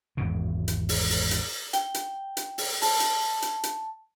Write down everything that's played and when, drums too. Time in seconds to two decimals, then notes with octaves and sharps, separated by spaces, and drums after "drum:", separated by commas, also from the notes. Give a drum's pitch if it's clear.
0.17 G#1 E2 G#2 B2
0.68 drum: hi-hat
0.89 drum: open hi-hat
1.10 drum: open hi-hat
1.31 drum: hi-hat
1.73 G5, drum: hi-hat
1.94 drum: hi-hat
2.37 drum: hi-hat
2.58 drum: open hi-hat
2.82 A5, drum: open hi-hat
3.00 drum: hi-hat
3.42 drum: hi-hat
3.63 drum: hi-hat